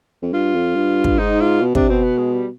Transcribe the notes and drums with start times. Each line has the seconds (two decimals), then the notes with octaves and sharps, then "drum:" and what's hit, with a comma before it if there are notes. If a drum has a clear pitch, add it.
0.22 F2
0.33 G2 F4
0.55 F2
0.76 G2
1.04 drum: kick
1.18 G#2 D#4
1.40 F4
1.61 B2
1.75 C3 D4, drum: kick
1.89 B2 C4
2.03 B3
2.18 G#3
2.33 G3